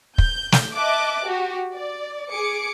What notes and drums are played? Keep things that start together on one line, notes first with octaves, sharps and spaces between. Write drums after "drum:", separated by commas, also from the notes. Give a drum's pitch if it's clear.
G6, drum: kick
drum: snare
D#5 E5 A5 D6 F#6
F#4 G4
D5
G#4 D6 C#7 D7